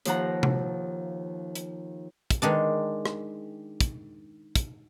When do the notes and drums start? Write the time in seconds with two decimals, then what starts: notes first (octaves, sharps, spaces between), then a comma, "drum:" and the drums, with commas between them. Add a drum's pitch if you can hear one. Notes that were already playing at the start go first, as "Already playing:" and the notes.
0.05 D#2 F3 F#5 A#5, drum: hi-hat
0.43 drum: tom C3
1.55 drum: hi-hat
2.30 drum: kick, hi-hat
2.42 D#3 G#3 D4
3.06 drum: rim click
3.81 drum: kick, hi-hat
4.56 drum: kick, hi-hat